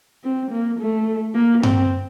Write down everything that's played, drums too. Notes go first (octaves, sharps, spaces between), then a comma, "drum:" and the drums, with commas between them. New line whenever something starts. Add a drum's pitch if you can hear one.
C4
A#3
A3
A#3
C4, drum: tom G2